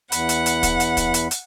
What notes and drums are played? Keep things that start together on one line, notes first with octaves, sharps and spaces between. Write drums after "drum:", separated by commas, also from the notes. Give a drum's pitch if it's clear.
E2 F#5 B5, drum: hi-hat
drum: hi-hat
drum: hi-hat
drum: kick, hi-hat
drum: hi-hat
drum: kick, hi-hat
drum: hi-hat
drum: hi-hat